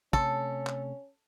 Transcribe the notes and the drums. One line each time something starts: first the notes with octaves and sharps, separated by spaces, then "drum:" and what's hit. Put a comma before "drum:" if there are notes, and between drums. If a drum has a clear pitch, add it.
C3 A3 C#4 A4, drum: kick
drum: clap